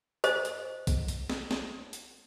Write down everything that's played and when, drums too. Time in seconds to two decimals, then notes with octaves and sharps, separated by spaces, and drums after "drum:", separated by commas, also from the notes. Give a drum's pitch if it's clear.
0.24 C5 D#5, drum: hi-hat
0.45 drum: hi-hat
0.87 drum: kick B1, hi-hat
1.08 drum: hi-hat
1.30 drum: snare
1.51 drum: snare
1.93 drum: hi-hat